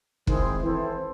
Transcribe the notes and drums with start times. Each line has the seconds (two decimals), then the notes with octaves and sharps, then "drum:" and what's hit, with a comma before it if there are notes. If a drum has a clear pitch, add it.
0.27 D#3 G#3 C4 E4 G#4 C5, drum: kick
0.63 E3 C4 E4 A4 C5